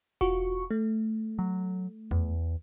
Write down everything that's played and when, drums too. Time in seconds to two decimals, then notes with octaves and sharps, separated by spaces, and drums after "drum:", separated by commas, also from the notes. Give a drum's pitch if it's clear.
0.21 F4 F#4 C#6, drum: kick E1
0.71 A3
1.39 F#3
2.11 E2, drum: tom F2